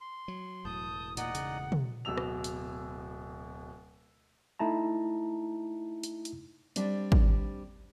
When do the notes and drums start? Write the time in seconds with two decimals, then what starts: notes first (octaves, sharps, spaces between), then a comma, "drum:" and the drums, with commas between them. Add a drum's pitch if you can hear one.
0.01 C6
0.28 F#3
0.65 E1 A2 A5 D#6 G6
1.17 A#2 D#4 D5 D#5 F#5, drum: hi-hat
1.35 C#3, drum: hi-hat
1.72 drum: tom
2.05 D1 B2 E6 F7
2.17 drum: rim click
2.44 drum: hi-hat
4.59 A3 D#4 E4 A5 A#5
6.03 drum: hi-hat
6.25 drum: hi-hat
6.76 G3 C4 D4, drum: hi-hat
7.12 drum: kick